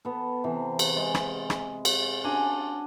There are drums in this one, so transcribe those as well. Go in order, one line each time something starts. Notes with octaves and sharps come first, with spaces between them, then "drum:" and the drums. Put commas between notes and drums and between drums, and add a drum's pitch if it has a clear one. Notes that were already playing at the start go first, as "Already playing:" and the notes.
B3 A4
C3 E3
drum: cymbal
G#3
drum: rim click
drum: rim click
drum: cymbal
C#4 D4 F#4 G#5